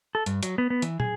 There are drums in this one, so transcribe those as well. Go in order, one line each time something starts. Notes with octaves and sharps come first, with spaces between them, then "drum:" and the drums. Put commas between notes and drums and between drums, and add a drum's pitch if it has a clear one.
A4
G2, drum: hi-hat
F#3, drum: hi-hat
B3
B3
E3, drum: hi-hat
G#4, drum: tom